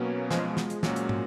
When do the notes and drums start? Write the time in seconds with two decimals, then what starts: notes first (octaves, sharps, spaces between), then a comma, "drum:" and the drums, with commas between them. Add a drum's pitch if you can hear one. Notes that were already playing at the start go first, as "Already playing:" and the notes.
Already playing: B2 F#3 A#3 B3 C#4
0.31 F3 G#3, drum: snare
0.57 drum: snare
0.70 drum: hi-hat
0.83 A#2 F#3 A#3 C#4 F#4, drum: snare
0.96 drum: hi-hat
1.09 drum: tom